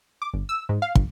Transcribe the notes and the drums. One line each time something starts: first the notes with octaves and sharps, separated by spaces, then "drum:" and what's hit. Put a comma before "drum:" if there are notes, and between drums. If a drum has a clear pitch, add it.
D6
G1
E6
G#2
F5
G1, drum: kick